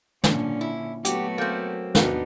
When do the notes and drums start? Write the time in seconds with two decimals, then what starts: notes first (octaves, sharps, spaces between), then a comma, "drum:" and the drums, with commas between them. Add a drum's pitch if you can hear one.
0.24 A#2 D3 A#3 C#4 D4, drum: snare
0.61 E4
1.05 F#3 A3 B3 F#4 G4, drum: hi-hat
1.38 A#3 C4 A4 G6
1.95 D#2 B3 D4 D#4 F#4, drum: snare